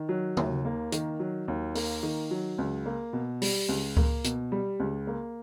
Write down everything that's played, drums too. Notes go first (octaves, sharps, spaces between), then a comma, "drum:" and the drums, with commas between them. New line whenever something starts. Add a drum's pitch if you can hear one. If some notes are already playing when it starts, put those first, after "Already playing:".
Already playing: D#3
F#3
D#2, drum: tom
A#3
D#3, drum: hi-hat
F#3
D#2
A#3, drum: open hi-hat
D#3
F#3
C#2
A#3
B2
G3, drum: open hi-hat
C#2
A#3, drum: kick C#2
B2, drum: hi-hat
G3
C#2
A#3